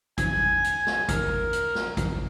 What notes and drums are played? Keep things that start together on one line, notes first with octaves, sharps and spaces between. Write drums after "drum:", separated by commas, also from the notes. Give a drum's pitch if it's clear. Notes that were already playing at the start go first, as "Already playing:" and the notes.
G#5, drum: kick G#1, hi-hat
drum: hi-hat
drum: snare
A#4, drum: kick G#1, hi-hat
drum: hi-hat
drum: snare
drum: kick G#1, hi-hat